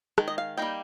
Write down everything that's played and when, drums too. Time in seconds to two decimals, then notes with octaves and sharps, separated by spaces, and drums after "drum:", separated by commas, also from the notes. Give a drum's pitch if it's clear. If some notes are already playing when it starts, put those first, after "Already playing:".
0.18 D#3 G#3, drum: rim click
0.28 D#5
0.38 F5
0.58 G3 A#3 D#4 G5